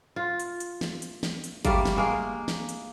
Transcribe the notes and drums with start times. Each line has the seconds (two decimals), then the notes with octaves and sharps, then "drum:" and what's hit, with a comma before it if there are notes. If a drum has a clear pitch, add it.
0.16 F4
0.40 drum: hi-hat
0.60 drum: hi-hat
0.81 drum: snare
1.02 drum: hi-hat
1.23 drum: snare
1.44 drum: hi-hat
1.65 G3 A3 A#3, drum: kick, hi-hat
1.85 drum: snare
1.97 G#3 A#3
2.48 drum: snare
2.69 drum: hi-hat